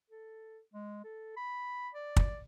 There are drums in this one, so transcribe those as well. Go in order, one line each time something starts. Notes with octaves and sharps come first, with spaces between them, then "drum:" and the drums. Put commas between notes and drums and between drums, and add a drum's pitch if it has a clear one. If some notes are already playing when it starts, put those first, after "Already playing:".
A4
G#3
A4
B5
D5
drum: kick